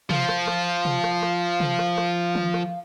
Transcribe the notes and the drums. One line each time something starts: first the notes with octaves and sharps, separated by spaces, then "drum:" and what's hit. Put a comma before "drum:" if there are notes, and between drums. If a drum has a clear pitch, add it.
F3 F5, drum: tom
drum: rim click
drum: rim click
drum: tom
drum: rim click
drum: rim click
drum: tom
drum: rim click
drum: rim click
drum: tom
drum: rim click